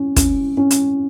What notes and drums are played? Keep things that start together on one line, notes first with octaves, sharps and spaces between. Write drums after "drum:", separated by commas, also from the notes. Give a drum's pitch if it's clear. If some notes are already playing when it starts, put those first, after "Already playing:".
Already playing: C#4
C#4, drum: kick, hi-hat
C#4
drum: hi-hat